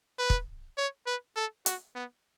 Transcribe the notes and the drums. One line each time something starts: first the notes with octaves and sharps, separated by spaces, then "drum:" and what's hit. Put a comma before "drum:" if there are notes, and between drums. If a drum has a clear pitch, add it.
B4
drum: kick
C#5
B4
A4
F#4, drum: hi-hat
B3